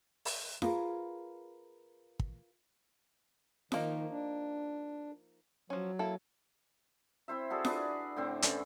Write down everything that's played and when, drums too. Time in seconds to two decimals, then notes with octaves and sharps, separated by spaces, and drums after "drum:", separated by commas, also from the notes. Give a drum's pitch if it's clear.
0.25 drum: open hi-hat
0.62 F4 G#4 A#4 B4, drum: snare F4
2.19 drum: kick
3.72 D#3 F3 A#3 D#4, drum: snare F4
4.11 D4
5.70 F3 F#3 C#4
5.99 A#3 E4 A4
7.28 C4 E4 C5 E5
7.50 F#4 G#4 A4 D5
7.65 D4 G#4 B4, drum: snare F4
8.16 A2 D3 C4 G5
8.42 D3 E3 C#4 C5, drum: hi-hat